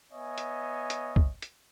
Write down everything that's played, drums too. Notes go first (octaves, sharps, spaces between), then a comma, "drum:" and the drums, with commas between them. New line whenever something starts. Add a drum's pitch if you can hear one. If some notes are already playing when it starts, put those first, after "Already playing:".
B3 C#5 D#5 E5 G#5
drum: hi-hat
drum: hi-hat
drum: kick
drum: hi-hat